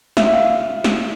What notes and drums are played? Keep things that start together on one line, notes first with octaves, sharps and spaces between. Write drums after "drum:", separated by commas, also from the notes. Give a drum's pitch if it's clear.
E5, drum: snare
F5
drum: snare